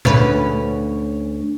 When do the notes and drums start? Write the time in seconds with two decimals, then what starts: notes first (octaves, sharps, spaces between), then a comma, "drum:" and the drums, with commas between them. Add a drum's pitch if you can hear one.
0.05 D2 C#4 B4, drum: tom A#2